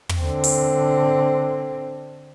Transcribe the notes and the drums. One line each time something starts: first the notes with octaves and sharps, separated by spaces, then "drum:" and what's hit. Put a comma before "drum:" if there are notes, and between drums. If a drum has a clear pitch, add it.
drum: tom
D3 C4
drum: open hi-hat